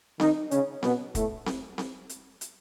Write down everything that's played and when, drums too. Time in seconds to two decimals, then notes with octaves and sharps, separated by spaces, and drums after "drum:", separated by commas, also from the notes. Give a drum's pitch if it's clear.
0.20 D#3 D#4, drum: snare C4
0.51 C#3 C#4, drum: hi-hat
0.83 B2 B3, drum: snare C4
1.15 A2 A3, drum: kick, hi-hat
1.46 drum: snare C4
1.78 drum: snare C4
2.09 drum: hi-hat
2.41 drum: hi-hat